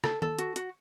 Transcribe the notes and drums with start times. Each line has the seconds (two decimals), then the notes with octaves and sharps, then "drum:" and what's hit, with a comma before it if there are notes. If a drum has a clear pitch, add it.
0.04 A4, drum: rim click
0.22 A4, drum: tom D#3
0.39 F#4, drum: hi-hat
0.56 F#4, drum: hi-hat